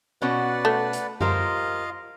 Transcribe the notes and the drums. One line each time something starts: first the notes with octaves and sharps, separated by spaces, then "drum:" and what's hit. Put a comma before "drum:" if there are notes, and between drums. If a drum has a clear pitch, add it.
B2 C#4 F#4 B4 D5 F#5
A3
drum: hi-hat
F4 G4 A#4 C5 D#5 F5, drum: tom F#2